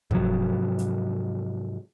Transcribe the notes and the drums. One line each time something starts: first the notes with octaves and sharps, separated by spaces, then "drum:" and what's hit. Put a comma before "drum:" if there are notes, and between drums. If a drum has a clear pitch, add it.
G#2 C3 F3 F#3, drum: kick
drum: hi-hat